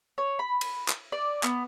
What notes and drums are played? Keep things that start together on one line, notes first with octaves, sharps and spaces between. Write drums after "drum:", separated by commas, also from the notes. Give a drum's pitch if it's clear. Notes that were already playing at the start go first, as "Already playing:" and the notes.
C#5
B5
drum: cymbal
drum: clap
D5
B3, drum: clap